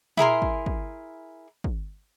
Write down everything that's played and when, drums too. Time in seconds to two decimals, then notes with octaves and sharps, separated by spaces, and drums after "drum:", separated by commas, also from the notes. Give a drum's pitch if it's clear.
0.17 E4 G#4 A#4 C6, drum: tom
0.42 drum: kick
0.66 drum: kick
1.64 drum: kick